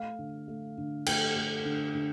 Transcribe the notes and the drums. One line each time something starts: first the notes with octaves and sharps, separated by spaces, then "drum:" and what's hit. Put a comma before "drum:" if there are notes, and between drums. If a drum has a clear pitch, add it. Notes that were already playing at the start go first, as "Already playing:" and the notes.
Already playing: A3 F5
D3
A3
D3
A3 G5, drum: cymbal
A3
D3
D3